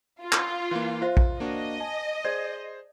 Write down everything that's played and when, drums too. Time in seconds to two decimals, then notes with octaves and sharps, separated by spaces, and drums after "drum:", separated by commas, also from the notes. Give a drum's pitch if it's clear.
0.23 F4
0.32 drum: clap
0.71 E3 A#3
1.02 F4 C5 E5 F5
1.17 drum: kick A#1
1.40 A#3 D4 F#4 D#5
1.80 G#5 A5
2.25 G#4 C5 D5